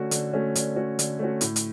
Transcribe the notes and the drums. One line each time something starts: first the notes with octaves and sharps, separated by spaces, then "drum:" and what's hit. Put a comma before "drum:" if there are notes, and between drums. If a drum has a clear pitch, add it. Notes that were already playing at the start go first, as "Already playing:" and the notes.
Already playing: D3 A3 C#4 F#4
D3, drum: hi-hat
A3 C#4 F#4
D3, drum: hi-hat
A3 C#4 F#4
D3, drum: hi-hat
A3 C#4 F#4
A2, drum: hi-hat
drum: hi-hat